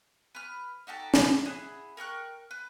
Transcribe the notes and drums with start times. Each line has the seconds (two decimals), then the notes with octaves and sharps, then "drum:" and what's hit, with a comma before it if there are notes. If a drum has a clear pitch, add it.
0.35 B4 F6
0.87 D#4 F#4 G4 A4
1.14 drum: snare
1.45 E4 G#4 F#5
1.97 A#4 G5 C#6 F#6
2.51 B4